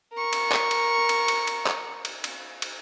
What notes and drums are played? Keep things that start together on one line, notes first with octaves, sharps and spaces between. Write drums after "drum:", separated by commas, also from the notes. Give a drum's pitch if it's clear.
A#4 C#6
drum: cymbal
drum: clap
drum: cymbal
drum: cymbal
drum: cymbal
drum: cymbal
drum: clap
drum: cymbal
drum: cymbal
drum: cymbal